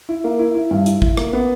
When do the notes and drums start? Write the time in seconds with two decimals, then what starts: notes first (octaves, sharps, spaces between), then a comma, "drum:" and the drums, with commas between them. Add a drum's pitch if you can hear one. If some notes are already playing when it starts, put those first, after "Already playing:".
0.09 E4
0.24 A#3
0.39 E4
0.55 E4
0.71 G2
0.86 E4, drum: hi-hat
1.02 E4, drum: kick
1.17 A#3, drum: rim click
1.33 B3